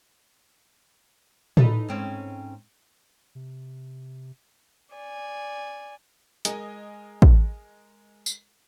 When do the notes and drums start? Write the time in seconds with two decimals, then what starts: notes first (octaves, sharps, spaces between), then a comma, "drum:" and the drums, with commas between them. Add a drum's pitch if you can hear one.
1.57 D#4 A4 B4, drum: tom
1.88 G#2 C4 C#4
3.35 C3
4.95 D5 G#5
6.45 G#3 A#4 D#5 G#5, drum: hi-hat
7.22 drum: kick
8.26 drum: tambourine